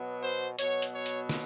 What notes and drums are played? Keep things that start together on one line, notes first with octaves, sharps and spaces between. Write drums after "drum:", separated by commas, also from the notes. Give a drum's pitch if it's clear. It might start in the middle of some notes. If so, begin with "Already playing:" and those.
Already playing: B2 F#3 B3
C5
B2 F#3 B3 C#5, drum: hi-hat
drum: hi-hat
C#5
drum: hi-hat
drum: snare